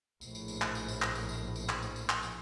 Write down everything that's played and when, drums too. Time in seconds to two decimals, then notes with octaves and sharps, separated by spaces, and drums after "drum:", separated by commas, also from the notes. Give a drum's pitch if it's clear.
0.21 A#1 A2, drum: tambourine
0.35 drum: tambourine
0.48 drum: tambourine
0.62 drum: clap
0.75 drum: tambourine
0.88 drum: tambourine
1.02 drum: clap
1.15 drum: tambourine
1.29 drum: tambourine
1.56 drum: tambourine
1.69 drum: clap
1.83 drum: tambourine
1.96 drum: tambourine
2.09 drum: clap
2.23 drum: tambourine